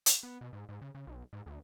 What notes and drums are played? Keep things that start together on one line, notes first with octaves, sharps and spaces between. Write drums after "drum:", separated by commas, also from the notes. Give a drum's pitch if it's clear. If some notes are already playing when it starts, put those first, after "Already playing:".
drum: hi-hat
B3
B2
G#2
G#2
C#3
C#3
B1
G#2
D2